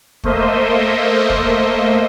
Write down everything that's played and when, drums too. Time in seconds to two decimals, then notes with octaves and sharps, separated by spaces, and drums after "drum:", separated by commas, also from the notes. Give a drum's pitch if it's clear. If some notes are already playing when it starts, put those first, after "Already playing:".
0.24 A3 A#3 C5 D#5 E5, drum: kick
1.30 drum: kick